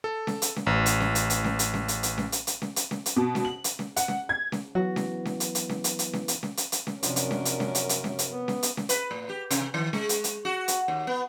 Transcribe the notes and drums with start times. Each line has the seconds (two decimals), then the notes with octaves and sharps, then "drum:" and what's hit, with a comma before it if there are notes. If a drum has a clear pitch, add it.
0.04 A4
0.27 drum: snare C#4
0.42 drum: hi-hat
0.56 drum: snare C#4
0.66 A1
0.86 drum: hi-hat
1.00 drum: snare C#4
1.15 drum: hi-hat
1.30 drum: hi-hat
1.44 drum: snare C#4
1.59 drum: hi-hat
1.74 drum: snare C#4
1.88 drum: hi-hat
2.03 drum: hi-hat
2.18 drum: snare C#4
2.32 drum: hi-hat
2.47 drum: hi-hat
2.62 drum: snare C#4
2.76 drum: hi-hat
2.91 drum: snare C#4
3.06 drum: hi-hat
3.16 B2
3.35 drum: snare C#4
3.45 F#7
3.64 drum: hi-hat
3.79 drum: snare C#4
3.96 F#5, drum: hi-hat
4.08 drum: snare C#4
4.29 G#6
4.52 drum: snare C#4
4.75 E3 F#3 B3 F#4
4.96 drum: snare C#4
5.25 drum: snare C#4
5.40 drum: hi-hat
5.55 drum: hi-hat
5.69 drum: snare C#4
5.84 drum: hi-hat
5.99 drum: hi-hat
6.13 drum: snare C#4
6.28 drum: hi-hat
6.43 drum: snare C#4
6.57 drum: hi-hat
6.72 drum: hi-hat
6.87 drum: snare C#4
7.03 F#2 C3 F3 C#4 D4 A#4, drum: hi-hat
7.16 drum: hi-hat
7.31 drum: snare C#4
7.45 drum: hi-hat
7.60 drum: snare C#4
7.75 drum: hi-hat
7.89 drum: hi-hat
8.04 drum: snare C#4
8.19 drum: hi-hat
8.30 B3
8.48 drum: snare C#4
8.63 drum: hi-hat
8.77 drum: snare C#4
8.89 B4, drum: hi-hat
9.11 A2
9.29 G4
9.51 C3, drum: hi-hat
9.74 D#3
9.93 G#3, drum: snare C#4
10.09 drum: hi-hat
10.24 drum: hi-hat
10.45 F#4
10.68 drum: hi-hat
10.88 D#2
11.07 B3